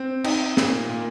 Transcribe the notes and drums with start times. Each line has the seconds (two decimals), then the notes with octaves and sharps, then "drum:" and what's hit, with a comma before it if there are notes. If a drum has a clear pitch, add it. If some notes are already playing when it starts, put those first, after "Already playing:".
Already playing: C4
0.24 D#4, drum: cymbal
0.57 A#2, drum: snare
0.89 A#2